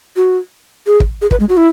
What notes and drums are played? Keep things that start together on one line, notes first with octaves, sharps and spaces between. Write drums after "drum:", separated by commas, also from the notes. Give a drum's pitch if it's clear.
F#4
G#4
drum: kick
G#4
B4, drum: kick
G#3
F#4
E4